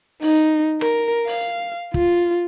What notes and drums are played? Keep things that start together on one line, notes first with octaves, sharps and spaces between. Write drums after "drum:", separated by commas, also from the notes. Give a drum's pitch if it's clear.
D#4, drum: open hi-hat
A#4, drum: rim click
F5, drum: open hi-hat
F4, drum: kick